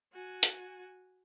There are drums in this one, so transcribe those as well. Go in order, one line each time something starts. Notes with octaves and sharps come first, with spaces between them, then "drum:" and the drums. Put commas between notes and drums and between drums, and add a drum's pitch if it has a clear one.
F#4 G#5
drum: hi-hat